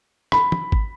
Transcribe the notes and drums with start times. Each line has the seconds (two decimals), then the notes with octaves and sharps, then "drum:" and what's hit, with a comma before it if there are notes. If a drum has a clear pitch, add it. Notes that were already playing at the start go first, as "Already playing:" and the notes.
0.32 B5, drum: rim click
0.52 drum: tom
0.72 drum: kick G#1